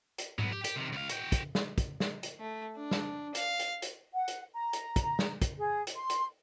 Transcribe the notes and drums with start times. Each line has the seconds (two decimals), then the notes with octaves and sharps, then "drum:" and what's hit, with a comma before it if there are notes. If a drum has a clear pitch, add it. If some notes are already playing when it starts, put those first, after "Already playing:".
0.18 drum: hi-hat
0.38 F#3 B3, drum: tom G#2
0.53 G4
0.64 G4, drum: hi-hat
0.76 C3 D#3
0.92 C#2 F5
1.09 F#4 G5, drum: hi-hat
1.32 drum: kick, hi-hat
1.55 drum: snare
1.78 drum: kick, hi-hat
2.00 drum: snare
2.23 drum: hi-hat
2.40 A3
2.77 D4
2.91 drum: snare
3.35 F5, drum: hi-hat
3.60 drum: hi-hat
3.82 drum: hi-hat
4.13 F#5
4.28 drum: hi-hat
4.54 A#5
4.73 drum: hi-hat
4.96 drum: kick, hi-hat
5.19 drum: snare
5.42 drum: kick, hi-hat
5.58 G#4
5.87 drum: hi-hat
5.97 C6
6.10 drum: hi-hat